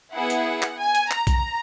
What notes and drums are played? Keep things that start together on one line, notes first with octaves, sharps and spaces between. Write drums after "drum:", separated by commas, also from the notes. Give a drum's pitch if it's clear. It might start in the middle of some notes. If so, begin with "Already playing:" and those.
B3 E4 G#4 F#5
drum: hi-hat
drum: clap
G#5
drum: hi-hat
A#5, drum: clap
drum: kick B1, hi-hat